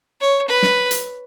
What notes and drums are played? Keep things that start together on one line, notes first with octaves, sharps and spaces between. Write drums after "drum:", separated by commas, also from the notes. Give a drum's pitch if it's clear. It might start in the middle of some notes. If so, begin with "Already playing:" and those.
C#5
B4
drum: snare
drum: hi-hat